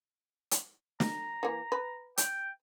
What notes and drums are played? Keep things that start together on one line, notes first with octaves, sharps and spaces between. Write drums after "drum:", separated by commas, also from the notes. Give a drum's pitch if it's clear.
drum: hi-hat
A#5, drum: snare
E3 A#3
B4
G5, drum: hi-hat